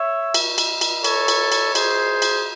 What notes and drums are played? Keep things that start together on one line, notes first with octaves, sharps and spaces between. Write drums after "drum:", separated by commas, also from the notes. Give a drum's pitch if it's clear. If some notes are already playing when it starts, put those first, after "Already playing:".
Already playing: C#5 E5
drum: cymbal
drum: cymbal
drum: cymbal
A4 C#5, drum: cymbal
drum: cymbal
drum: cymbal
G#4 C5, drum: cymbal
drum: cymbal